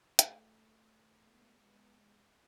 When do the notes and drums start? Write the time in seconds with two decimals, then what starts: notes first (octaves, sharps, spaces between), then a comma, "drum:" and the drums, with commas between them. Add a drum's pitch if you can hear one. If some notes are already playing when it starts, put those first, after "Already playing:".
0.19 A3, drum: hi-hat
1.18 G#3 B3